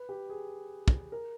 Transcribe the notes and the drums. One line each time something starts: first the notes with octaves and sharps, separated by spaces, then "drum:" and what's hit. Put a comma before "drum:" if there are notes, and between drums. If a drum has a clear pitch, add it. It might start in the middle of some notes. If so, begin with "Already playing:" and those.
Already playing: B4
G4
G#4
drum: kick
A#4